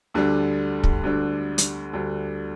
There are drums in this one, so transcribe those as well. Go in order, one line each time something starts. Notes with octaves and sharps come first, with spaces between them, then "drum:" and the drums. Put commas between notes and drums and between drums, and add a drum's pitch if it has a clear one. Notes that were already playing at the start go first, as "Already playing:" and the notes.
D2 D3 G3 D4
drum: kick
D2 D3 G3 D4
drum: hi-hat
D2 D3 G3 D4